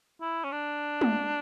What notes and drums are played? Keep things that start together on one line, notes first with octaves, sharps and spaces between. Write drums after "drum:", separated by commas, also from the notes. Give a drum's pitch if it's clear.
E4
C#4
D4
drum: tom G#3